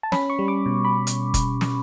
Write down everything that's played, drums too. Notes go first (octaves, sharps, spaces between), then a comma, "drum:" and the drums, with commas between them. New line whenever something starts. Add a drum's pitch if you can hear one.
A5
C#4 B5, drum: snare
C#6
G3
D6
B2
B5
drum: hi-hat
drum: kick F1, hi-hat
drum: snare